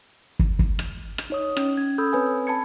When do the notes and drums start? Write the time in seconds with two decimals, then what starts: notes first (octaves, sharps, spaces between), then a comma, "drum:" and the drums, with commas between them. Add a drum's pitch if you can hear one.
0.39 drum: kick
0.59 drum: kick
0.79 drum: rim click
1.18 drum: rim click
1.30 D#4 C#5 D#6
1.57 C#4, drum: rim click
1.77 C#4 G#6
1.98 A4 B5 D#6 E6 G6
2.13 C4 B4 C#5 G#5
2.47 A5 B5 G#6 C#7